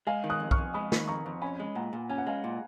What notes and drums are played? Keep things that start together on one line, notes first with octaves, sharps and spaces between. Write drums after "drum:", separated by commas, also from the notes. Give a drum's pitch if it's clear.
G#3 F5 G#5
D#3
D#6 F#6
F2
C#6 F6, drum: kick
F2
G#3 B5 D#6
D#3, drum: snare
F2 A#5 C#6
F2
C#4 G#5 B5
G#3
A#2 F#5 A#5
A#2
C#4 G#5
F#5
G#3 F5 G#5
A#2